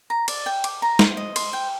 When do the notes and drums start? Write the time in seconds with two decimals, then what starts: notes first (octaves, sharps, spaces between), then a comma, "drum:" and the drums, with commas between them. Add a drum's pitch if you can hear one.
0.10 A#5
0.28 D5, drum: cymbal
0.46 G5
0.64 D6, drum: cymbal
0.82 A#5
0.99 C5, drum: snare
1.17 D#5
1.36 C5, drum: cymbal
1.53 G5